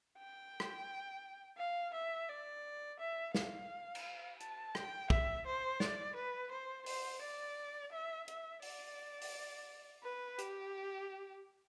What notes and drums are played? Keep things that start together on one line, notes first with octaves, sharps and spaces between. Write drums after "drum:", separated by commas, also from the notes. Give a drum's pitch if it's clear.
G5
drum: rim click
F5
E5
D5
E5
F5, drum: snare
drum: cymbal
A5, drum: hi-hat
G5, drum: rim click
E5, drum: kick
C5
D5, drum: snare
B4
C5
C5, drum: open hi-hat
D5
E5
E5, drum: hi-hat
D5, drum: open hi-hat
drum: open hi-hat
B4
G4, drum: hi-hat